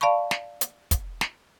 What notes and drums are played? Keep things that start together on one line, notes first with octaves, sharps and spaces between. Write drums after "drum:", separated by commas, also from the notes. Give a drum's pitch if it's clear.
D5 F5 A5 B5 C#6
drum: snare
drum: hi-hat
drum: kick, hi-hat
drum: snare